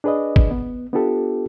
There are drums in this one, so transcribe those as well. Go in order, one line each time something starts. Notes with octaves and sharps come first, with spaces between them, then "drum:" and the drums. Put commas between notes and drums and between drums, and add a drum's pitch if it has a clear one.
D4 G#4 B4 D5 D#5
drum: kick
B3
B3 D4 F4 G4 A4